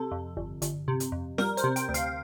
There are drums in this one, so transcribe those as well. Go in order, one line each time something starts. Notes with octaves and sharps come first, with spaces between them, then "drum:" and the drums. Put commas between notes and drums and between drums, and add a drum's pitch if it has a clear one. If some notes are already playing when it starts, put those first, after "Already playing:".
Already playing: C3 A4
F2
G1
G1, drum: hi-hat
C3
drum: hi-hat
F2
G3 A#4, drum: snare
C5, drum: hi-hat
C3
G5, drum: hi-hat
D2
F5, drum: hi-hat